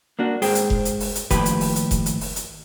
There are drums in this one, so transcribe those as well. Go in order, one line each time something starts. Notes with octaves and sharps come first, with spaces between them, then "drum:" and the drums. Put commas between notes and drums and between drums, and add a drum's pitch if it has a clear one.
A#3 D4 F#4
G#2 G#4 C5 G5, drum: open hi-hat
drum: hi-hat
drum: kick F1
drum: hi-hat
drum: open hi-hat
drum: hi-hat
D#2 A2 F3 G4 B4, drum: kick F1, hi-hat
drum: hi-hat
drum: open hi-hat
drum: hi-hat
drum: kick F1, hi-hat
drum: hi-hat
drum: open hi-hat
drum: hi-hat